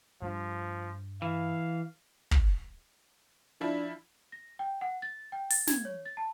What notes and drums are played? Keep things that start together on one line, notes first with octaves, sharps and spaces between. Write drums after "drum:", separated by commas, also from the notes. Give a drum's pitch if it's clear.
G2 F3 G3 D4
E3 F5
drum: kick
F3 D4 E4
A#6
G5
F#5
A6
G5
A6, drum: open hi-hat
G#6, drum: snare
C#5
A6
A5